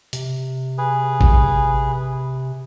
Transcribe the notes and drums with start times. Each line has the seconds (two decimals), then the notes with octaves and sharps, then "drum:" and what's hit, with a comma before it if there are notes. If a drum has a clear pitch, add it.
0.13 C3, drum: hi-hat
0.78 G#4 B4
1.21 drum: kick